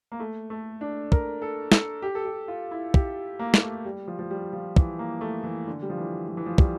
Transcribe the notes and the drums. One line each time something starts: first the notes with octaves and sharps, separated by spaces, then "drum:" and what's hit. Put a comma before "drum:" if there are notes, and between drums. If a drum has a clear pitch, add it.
A#3
A3
A3
D4
A#4, drum: kick
A4
A4, drum: snare
G4
A4
G4
F4
E4
G4, drum: kick
A#3
A#3, drum: snare
A3
G3
F3
F3
G3
F3
E3, drum: kick
A#3
A3
E3
D3
G3
F3
E3
F3
E3
F3
G3, drum: kick